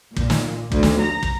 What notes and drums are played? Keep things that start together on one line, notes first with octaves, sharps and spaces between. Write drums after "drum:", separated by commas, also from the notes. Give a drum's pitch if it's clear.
A#2, drum: kick
drum: snare
D2, drum: kick
drum: snare
A#5
drum: kick